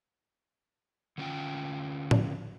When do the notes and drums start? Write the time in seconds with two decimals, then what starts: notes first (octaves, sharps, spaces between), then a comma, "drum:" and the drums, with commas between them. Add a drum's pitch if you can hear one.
1.18 D3 C#4 F4 G5
2.11 drum: tom A2